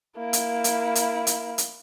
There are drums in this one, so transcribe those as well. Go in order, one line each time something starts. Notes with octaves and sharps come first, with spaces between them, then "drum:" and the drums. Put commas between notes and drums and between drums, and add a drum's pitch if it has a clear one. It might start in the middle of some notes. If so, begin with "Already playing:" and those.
A#3 E4
drum: hi-hat
drum: hi-hat
drum: hi-hat
drum: hi-hat
drum: hi-hat